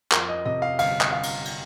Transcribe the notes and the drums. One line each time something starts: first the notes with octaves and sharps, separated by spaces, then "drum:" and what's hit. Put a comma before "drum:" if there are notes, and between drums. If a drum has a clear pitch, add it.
F2 A#4, drum: clap
D#5
C3 D#5
F5
G1 F5, drum: cymbal
drum: clap
G1 F5
drum: cymbal
drum: cymbal